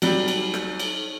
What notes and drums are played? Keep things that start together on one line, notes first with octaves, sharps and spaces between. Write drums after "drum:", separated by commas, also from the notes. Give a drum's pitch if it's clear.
F#3 G3, drum: cymbal
drum: cymbal
drum: rim click
drum: cymbal